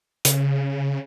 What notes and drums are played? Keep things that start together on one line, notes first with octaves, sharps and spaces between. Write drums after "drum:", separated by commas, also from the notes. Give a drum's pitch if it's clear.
C#3, drum: hi-hat